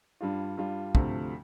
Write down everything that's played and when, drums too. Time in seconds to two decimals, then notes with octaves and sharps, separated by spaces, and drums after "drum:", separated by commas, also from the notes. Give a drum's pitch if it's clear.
0.21 G2 G3 F4
0.58 G2 G3 F4
0.95 D2 C3 F3 A3, drum: kick